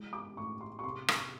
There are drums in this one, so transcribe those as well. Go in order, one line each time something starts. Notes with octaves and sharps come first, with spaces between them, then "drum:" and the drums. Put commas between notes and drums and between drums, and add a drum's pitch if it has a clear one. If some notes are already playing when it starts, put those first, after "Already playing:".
Already playing: C3 E3 G#3
D6
A2 C#6
C6
C#6
C3 C6
C#6, drum: rim click